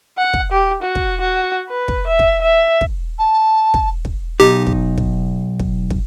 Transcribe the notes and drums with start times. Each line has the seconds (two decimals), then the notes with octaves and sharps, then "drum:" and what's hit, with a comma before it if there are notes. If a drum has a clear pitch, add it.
0.18 F#5
0.33 drum: kick
0.52 G4
0.82 F#4
0.95 drum: kick
1.21 F#4
1.69 B4
1.88 drum: kick
2.07 E5
2.19 drum: kick
2.42 E5
2.81 drum: kick
3.19 A5
3.74 drum: kick
4.05 drum: kick
4.40 B1 D#4 G4
4.67 drum: kick
4.98 drum: kick
5.59 drum: kick
5.90 drum: kick